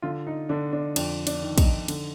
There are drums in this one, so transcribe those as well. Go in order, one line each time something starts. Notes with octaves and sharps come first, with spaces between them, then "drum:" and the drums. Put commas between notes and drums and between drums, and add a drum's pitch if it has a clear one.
D3 F4
D#4
D3 D4
D4
F2 D4, drum: cymbal
D4, drum: cymbal
D#3
D#4, drum: kick, cymbal
D3, drum: cymbal